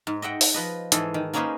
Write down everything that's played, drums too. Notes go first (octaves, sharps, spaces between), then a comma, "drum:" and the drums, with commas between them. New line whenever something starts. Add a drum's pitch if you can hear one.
G#2
D#5 E5 F#5 G5
drum: open hi-hat
F3 B4 D#5
G#2 E3 G#4 A4, drum: hi-hat
D#3
A#3 C#4 D#4 G#4 B4 C5